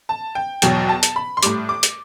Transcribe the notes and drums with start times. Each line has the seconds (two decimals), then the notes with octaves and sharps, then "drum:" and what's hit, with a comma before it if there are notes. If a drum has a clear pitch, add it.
0.09 A5
0.35 G5
0.62 E2 B2 F#3 G5, drum: hi-hat
0.89 A5
1.03 drum: hi-hat
1.16 B5
1.37 C6
1.43 A2 G3 D6, drum: hi-hat
1.69 D6
1.83 drum: hi-hat